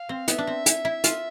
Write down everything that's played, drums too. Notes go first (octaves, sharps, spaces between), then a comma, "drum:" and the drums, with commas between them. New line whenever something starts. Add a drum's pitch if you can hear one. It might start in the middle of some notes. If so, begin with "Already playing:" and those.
Already playing: F5
C4
B3 E5, drum: hi-hat
D4
C4
E4, drum: hi-hat
E4
F4, drum: hi-hat